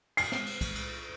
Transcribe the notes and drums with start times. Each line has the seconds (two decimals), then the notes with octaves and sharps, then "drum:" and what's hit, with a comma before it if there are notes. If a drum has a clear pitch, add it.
0.17 C7, drum: cymbal
0.32 drum: snare
0.46 drum: cymbal
0.61 drum: kick C2, cymbal
0.76 drum: cymbal